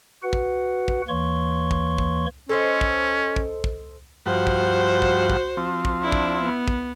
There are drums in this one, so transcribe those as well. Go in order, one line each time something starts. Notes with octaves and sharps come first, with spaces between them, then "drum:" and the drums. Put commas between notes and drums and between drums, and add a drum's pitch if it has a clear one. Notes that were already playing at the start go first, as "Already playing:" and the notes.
F#4 B4 F#5
drum: kick
drum: kick
D#2 E3 A#3 C#5 C6 C#6
drum: kick
drum: kick
C#4 A4 C5 D#5
drum: kick
drum: kick
drum: kick
G2 F3 F#4 C5 F#5
drum: kick
drum: kick
drum: kick
F3 C4
drum: kick
D4 E4
drum: kick
B3
drum: kick